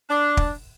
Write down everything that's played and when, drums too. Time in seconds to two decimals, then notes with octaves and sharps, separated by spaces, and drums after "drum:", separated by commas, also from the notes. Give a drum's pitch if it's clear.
0.10 D4
0.37 drum: kick